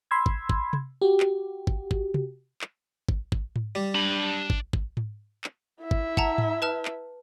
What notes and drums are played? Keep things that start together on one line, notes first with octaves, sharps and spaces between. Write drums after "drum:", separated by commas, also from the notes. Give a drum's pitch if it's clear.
B5 C6 E6 G#6
drum: kick
drum: kick
drum: tom C3
F#4 G4
drum: clap
drum: kick
drum: kick
drum: tom C3
drum: clap
drum: kick
drum: kick
drum: tom G#2
G3
D4 B5
drum: kick
drum: kick
drum: tom G#2
drum: clap
E4 E5
drum: kick
F#5 A5 A#5, drum: kick
drum: tom G#2
B4 A5 F6
drum: clap